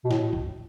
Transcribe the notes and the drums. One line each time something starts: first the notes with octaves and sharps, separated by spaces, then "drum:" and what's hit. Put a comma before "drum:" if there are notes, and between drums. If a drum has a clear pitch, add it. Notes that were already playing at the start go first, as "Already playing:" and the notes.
B2
A2, drum: snare
drum: kick